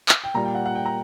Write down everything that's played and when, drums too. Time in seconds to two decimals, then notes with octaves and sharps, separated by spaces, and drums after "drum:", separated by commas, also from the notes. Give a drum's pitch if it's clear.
0.09 drum: clap
0.24 G5
0.34 A#2 G3 A#5
0.45 G5
0.55 F#5
0.65 F#5
0.75 G5
0.85 A#5